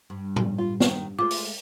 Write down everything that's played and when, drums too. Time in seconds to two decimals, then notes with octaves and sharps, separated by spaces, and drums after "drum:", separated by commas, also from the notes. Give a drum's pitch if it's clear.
0.10 G2
0.36 drum: tom A2
0.58 F4
0.80 D#3, drum: snare
1.19 G#3 A3 F4 C5 D6
1.31 drum: open hi-hat